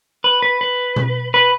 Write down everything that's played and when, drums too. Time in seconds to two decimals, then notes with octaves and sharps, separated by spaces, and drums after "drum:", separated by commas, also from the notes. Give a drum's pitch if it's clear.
0.24 B4
0.42 B4
0.61 B4
0.96 drum: tom B2
1.34 B4